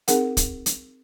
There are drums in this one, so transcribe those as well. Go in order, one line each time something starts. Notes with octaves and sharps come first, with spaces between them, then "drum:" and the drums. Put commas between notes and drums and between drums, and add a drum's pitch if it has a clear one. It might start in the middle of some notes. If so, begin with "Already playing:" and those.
C4 D#4 G#4 A#4 F#5, drum: hi-hat
drum: kick, hi-hat
drum: hi-hat